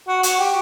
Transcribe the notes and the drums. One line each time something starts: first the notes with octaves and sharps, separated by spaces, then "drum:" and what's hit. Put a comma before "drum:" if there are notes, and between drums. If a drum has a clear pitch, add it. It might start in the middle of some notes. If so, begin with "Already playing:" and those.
F#4
F#4, drum: hi-hat
G4